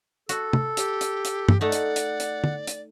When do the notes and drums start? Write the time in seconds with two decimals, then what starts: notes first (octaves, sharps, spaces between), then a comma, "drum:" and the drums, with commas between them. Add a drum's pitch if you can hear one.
0.29 F#4 A4, drum: hi-hat
0.53 drum: tom
0.77 G4, drum: hi-hat
1.01 drum: hi-hat
1.25 drum: hi-hat
1.49 drum: tom
1.61 A3 D#4 D5 F#5
1.72 drum: hi-hat
1.96 drum: hi-hat
2.20 drum: hi-hat
2.44 drum: tom
2.67 drum: hi-hat